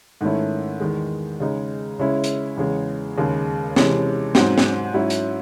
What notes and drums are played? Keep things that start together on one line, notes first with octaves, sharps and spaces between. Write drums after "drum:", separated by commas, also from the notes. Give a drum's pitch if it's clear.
G#2 D#3 A3 C#4 E4
E2 D#3 G#3
C#3 G#3 D#4
C#3 G#3 C#4 E4
drum: hi-hat
E2 C#3 G#3
D#2 C#3 G#3
C3 E3 G#3 C#4, drum: snare
G#2 F#3 C4, drum: snare
drum: snare
G#2 F#3 C#4 E4
drum: hi-hat